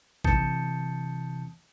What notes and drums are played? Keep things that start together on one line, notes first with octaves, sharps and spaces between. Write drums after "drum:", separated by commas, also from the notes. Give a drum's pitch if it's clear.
C3 E3 A5 D#6 G6 C#7, drum: kick A1